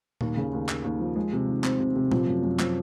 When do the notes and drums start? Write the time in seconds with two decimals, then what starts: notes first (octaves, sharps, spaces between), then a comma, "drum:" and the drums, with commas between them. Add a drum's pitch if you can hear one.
0.21 D#2, drum: tom A#2
0.37 C#3
0.53 D#2
0.69 D#2, drum: clap
0.84 D#2
1.00 F3
1.16 G#3
1.33 C3
1.48 D#3
1.64 C4, drum: clap
1.80 C3
1.96 C3
2.12 F3, drum: tom A#2
2.27 F#2
2.43 F#2
2.59 F3, drum: clap